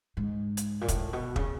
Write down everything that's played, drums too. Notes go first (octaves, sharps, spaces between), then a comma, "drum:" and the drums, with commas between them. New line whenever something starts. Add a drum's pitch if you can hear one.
G#2
drum: hi-hat
A#2
A2, drum: kick, hi-hat
B2
C#3, drum: kick